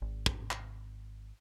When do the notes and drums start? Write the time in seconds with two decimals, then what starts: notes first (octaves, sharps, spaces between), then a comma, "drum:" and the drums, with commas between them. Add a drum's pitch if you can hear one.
0.02 G#1
0.26 drum: kick
0.51 drum: clap